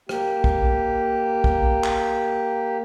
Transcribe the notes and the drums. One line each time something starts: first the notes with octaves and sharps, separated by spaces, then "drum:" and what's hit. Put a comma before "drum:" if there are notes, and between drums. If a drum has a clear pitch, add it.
A#3 G4, drum: rim click
drum: kick
drum: kick
drum: clap